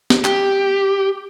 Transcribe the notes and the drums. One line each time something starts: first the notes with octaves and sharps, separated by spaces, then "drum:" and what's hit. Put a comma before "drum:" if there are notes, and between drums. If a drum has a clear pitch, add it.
drum: snare
G4, drum: clap